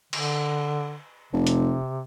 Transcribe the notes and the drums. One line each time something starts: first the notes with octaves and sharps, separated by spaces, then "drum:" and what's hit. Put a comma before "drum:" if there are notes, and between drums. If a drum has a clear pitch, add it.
D3, drum: cymbal
F1 C3
drum: hi-hat